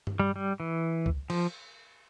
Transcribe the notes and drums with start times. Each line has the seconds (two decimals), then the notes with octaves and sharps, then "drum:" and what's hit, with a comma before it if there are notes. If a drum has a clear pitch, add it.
0.07 drum: tom G2
0.19 G3
0.36 G3
0.60 E3
1.06 drum: kick C#2
1.30 F3, drum: cymbal